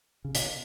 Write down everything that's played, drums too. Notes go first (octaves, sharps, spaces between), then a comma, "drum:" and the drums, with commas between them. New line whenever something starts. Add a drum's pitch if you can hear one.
C#3
B2, drum: hi-hat